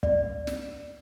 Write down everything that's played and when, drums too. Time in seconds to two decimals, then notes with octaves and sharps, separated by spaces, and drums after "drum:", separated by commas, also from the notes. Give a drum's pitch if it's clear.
0.03 D5, drum: kick
0.47 drum: snare